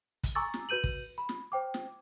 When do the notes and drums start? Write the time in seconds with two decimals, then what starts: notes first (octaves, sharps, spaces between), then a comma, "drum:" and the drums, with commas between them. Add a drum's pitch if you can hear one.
0.24 drum: kick, hi-hat
0.35 G#5 A#5 C#6 D6 E6 A6
0.54 drum: snare
0.69 F#4 B4 G6 D#7 F#7
0.84 drum: kick
1.18 B5
1.29 drum: snare
1.52 C5 G5 D6
1.74 drum: snare